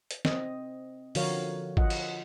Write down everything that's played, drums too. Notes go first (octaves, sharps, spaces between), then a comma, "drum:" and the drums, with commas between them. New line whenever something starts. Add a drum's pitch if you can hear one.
drum: hi-hat
C4 D#5, drum: snare
D3 F3 F#4 A#4 C#5 F5, drum: open hi-hat
F4 D#5 F#5, drum: kick G#1
drum: cymbal